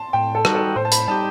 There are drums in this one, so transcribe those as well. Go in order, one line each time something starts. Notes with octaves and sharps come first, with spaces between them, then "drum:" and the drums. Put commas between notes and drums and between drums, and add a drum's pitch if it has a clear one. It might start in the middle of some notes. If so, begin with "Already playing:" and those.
Already playing: A5 C6
A2 G5
A4
G3 D#4 F#4, drum: rim click
A4
A2 C5
A5
B5, drum: hi-hat
G3 D#4 G4 A5